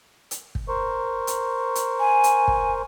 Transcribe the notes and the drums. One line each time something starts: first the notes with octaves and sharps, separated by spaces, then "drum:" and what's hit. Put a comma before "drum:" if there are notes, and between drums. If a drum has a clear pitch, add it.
drum: hi-hat
drum: kick
A#4 C5 C#6
drum: hi-hat
drum: hi-hat
G#5
drum: hi-hat
drum: kick